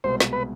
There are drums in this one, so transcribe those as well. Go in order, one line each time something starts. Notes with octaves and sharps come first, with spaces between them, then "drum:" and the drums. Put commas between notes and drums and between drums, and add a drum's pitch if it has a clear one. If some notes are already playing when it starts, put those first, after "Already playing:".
C2 B2 G#3 B3 C5
drum: snare
B4